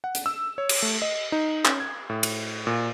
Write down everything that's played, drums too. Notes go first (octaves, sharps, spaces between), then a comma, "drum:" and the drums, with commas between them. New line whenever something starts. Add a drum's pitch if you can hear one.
F#5
drum: hi-hat
E6
C#5
drum: cymbal
A3
D#5
D#4
C#4, drum: clap
G#6
A2
drum: cymbal
A#2